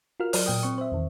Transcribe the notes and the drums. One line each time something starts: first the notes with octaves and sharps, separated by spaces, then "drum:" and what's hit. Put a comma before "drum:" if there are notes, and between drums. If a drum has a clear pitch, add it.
F4 F#4 A#4 F6
F#3 D5 F6, drum: open hi-hat
A#2 G5 D#6
C4 C#6
C5 E5
E2 D#3